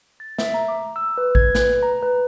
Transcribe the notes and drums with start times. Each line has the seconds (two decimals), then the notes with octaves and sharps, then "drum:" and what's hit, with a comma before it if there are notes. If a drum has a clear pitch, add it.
0.20 A6
0.38 E5, drum: snare
0.54 A#5
0.68 D6
0.96 E6
1.18 B4
1.35 G#6, drum: kick A1
1.55 B4, drum: snare
1.83 A#5
2.03 B4